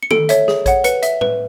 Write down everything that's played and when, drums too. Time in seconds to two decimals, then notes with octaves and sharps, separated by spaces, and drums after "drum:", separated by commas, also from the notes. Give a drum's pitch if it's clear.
0.03 C#7
0.11 A4 D7, drum: tom D3
0.29 C#5 E5, drum: hi-hat
0.48 G#4, drum: snare
0.66 C#5 F#5, drum: kick A#1, hi-hat
0.84 B4 C#7, drum: hi-hat
1.03 E5, drum: hi-hat
1.21 B4, drum: tom